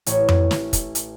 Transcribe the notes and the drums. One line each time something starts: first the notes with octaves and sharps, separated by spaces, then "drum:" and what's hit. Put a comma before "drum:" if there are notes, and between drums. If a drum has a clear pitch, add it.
A1 C#5, drum: hi-hat
drum: tom F2
drum: snare
drum: kick, hi-hat
drum: hi-hat